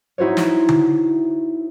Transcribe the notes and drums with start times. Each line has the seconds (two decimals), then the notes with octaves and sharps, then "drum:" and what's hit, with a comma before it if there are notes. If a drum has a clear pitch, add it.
0.18 D#4 E4 F#4 C5 C#5
0.37 drum: snare
0.69 drum: tom D3